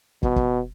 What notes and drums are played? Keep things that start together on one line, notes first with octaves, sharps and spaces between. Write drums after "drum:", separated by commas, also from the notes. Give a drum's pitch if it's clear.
B2, drum: kick
drum: kick